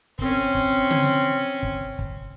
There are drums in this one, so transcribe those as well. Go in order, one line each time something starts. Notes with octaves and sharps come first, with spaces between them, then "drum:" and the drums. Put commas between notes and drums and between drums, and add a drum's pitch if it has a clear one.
C4 C#4, drum: kick
drum: kick
drum: tom C#3
drum: kick
drum: kick